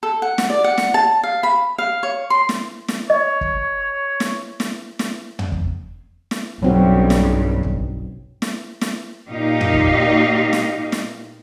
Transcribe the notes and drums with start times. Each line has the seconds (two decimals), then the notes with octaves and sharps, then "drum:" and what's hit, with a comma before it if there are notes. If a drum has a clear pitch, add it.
0.03 A4
0.22 F#5
0.38 drum: snare
0.50 D5
0.64 F#5
0.78 drum: snare
0.94 A5
1.23 F5
1.43 B5
1.78 F5
2.03 C#5
2.30 C6
2.49 drum: snare
2.88 drum: snare
3.10 C#5 D#5
3.41 drum: kick
4.20 drum: snare
4.60 drum: snare
4.99 drum: snare
5.39 drum: tom
5.52 drum: kick
6.31 drum: snare
6.63 B1 G2 C#3 F#3 C4 F#4
7.10 drum: snare
7.63 drum: kick
8.42 drum: snare
8.81 drum: snare
9.30 A#2 D#4 G4 D#5 F5
9.60 drum: tom
9.74 drum: kick
10.53 drum: snare
10.92 drum: snare